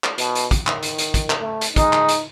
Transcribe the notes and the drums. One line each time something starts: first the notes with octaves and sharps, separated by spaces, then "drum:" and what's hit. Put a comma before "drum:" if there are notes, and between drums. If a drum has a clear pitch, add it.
drum: clap
B2, drum: hi-hat
drum: hi-hat
drum: kick, hi-hat
D#3, drum: clap
drum: hi-hat
drum: hi-hat
drum: kick, hi-hat
drum: clap
A3
drum: hi-hat
G#3 D#4, drum: kick, hi-hat
drum: clap
drum: hi-hat